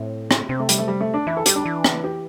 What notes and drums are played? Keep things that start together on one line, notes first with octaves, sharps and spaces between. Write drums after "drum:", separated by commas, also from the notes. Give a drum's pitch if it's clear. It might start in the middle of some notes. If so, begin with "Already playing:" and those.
Already playing: A2 C4
drum: rim click
C3 C4
A3
G3, drum: hi-hat
A3
G3
A3
D4
E3 E4
A4
G3 G4, drum: hi-hat
D4
E3
drum: rim click
G4